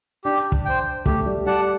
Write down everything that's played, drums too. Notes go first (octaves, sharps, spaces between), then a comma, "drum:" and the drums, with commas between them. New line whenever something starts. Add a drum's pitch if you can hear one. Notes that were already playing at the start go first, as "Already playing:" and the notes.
D4 G4
drum: kick
C5 G5
A3 G4, drum: kick
G3
G3 D5 F#5 A5